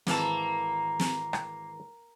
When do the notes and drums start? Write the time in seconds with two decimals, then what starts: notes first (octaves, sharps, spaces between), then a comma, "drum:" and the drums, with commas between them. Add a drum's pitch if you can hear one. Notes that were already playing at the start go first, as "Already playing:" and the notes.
0.07 G#1 E3 A#3 A5, drum: snare
1.00 drum: snare
1.33 drum: rim click